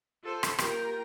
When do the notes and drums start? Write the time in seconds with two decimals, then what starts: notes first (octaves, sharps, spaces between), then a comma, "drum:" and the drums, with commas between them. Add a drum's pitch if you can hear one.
0.23 F4 A4 C5
0.43 drum: rim click
0.59 A#3 F4 G4 A#4 G5, drum: rim click